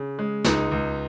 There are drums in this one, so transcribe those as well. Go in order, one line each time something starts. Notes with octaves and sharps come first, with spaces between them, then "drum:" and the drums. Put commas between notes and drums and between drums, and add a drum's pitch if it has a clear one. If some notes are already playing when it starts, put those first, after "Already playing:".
Already playing: C#3
G#3
C#2 D#4, drum: snare
C#2